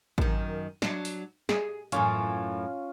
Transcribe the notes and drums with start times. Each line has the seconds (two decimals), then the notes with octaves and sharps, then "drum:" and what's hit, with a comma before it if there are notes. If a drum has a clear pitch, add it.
0.18 F#2 D#3, drum: kick
0.82 F#3 D4, drum: snare
1.05 drum: open hi-hat
1.49 G#4, drum: snare
1.92 F#2 A2 E3 C#4 F4, drum: hi-hat